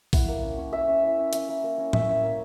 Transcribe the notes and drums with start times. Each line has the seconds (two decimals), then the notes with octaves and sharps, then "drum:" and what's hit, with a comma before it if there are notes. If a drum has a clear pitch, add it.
0.13 E4 F#5, drum: kick, open hi-hat
0.28 A#3
0.43 C#4
0.58 C#4
0.73 C#4 E5
0.88 C#4
1.03 E4
1.18 C#4
1.33 C#4 E5, drum: hi-hat
1.49 A#3
1.64 A#3
1.78 C#4
1.93 C#4 E5, drum: tom A2
2.08 C#4
2.23 A#3